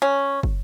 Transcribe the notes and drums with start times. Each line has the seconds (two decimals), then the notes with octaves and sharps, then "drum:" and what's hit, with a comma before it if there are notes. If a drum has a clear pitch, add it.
0.02 C#4
0.43 drum: kick